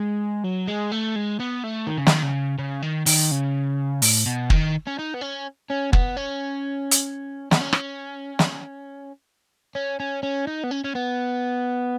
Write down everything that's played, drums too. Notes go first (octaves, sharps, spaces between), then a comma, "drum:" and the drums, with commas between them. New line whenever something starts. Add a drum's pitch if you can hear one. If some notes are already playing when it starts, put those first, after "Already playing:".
Already playing: G#3
F#3
G#3
A3
G#3
B3
A3
D#3
C#3
D#3, drum: snare
C#3
C#3
D#3
D#3, drum: open hi-hat
C#3
A2, drum: open hi-hat
B2
D#3, drum: kick
C#4
D#4
B3
C#4
C#4
B3, drum: kick
C#4
drum: hi-hat
B3, drum: snare
C#4
drum: rim click
drum: snare
C#4
C#4
C#4
D#4
B3
C#4
C#4
B3